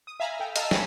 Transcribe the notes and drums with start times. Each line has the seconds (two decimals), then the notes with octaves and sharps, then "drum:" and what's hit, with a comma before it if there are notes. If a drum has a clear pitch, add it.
0.07 D#6
0.20 E5 F5 G#5 A#5 B5 F6
0.40 A4 G5
0.56 D#5 F5 A5 A#5 E6 F6, drum: hi-hat
0.71 C#5 G5 G#5 B5 E6, drum: snare